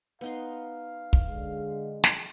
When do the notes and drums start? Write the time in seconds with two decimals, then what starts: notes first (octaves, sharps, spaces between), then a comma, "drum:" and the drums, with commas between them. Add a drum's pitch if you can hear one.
0.21 B3 D#4 F5 C6
1.13 drum: kick
1.30 D3 G#3
2.04 drum: snare